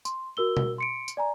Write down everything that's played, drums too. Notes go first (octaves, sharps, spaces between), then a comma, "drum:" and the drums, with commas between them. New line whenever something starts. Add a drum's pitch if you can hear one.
C6, drum: tambourine
F#4 A#4 E6 G7
drum: tom B2
C6 C#7 D7
drum: tambourine
D5 G#5 A#5